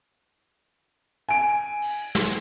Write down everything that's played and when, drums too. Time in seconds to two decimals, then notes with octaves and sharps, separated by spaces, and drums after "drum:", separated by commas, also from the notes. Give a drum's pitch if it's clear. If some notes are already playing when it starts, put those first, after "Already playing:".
1.29 G#5 D7
1.82 drum: open hi-hat
2.15 drum: snare